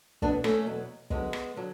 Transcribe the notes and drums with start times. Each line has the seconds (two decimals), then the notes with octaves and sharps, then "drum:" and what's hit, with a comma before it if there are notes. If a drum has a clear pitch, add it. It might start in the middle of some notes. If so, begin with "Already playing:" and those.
0.22 E2 B2 F#3 B3 D4, drum: kick
0.44 A3 C#4, drum: rim click
0.67 E2 B2 F#3
1.10 F#2 D3 F#3 G#3 B3, drum: kick
1.33 drum: rim click
1.56 D3 F#3